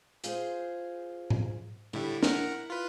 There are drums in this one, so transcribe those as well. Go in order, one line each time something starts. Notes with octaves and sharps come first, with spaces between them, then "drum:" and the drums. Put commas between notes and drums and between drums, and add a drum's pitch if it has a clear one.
F4 G#4 C5, drum: hi-hat
drum: tom G#2
A2 D3 G3 E4
A#4 F#5, drum: snare
F4 B4